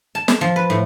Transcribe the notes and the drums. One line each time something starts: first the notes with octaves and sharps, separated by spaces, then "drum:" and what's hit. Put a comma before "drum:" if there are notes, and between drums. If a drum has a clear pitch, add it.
A5
drum: snare
F3
B4
A2